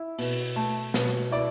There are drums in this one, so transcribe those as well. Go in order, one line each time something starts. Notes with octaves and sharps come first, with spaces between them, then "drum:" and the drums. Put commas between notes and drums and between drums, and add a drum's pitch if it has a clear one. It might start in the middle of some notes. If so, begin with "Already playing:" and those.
Already playing: E4
B2, drum: open hi-hat
A3
B2, drum: snare
E4 D5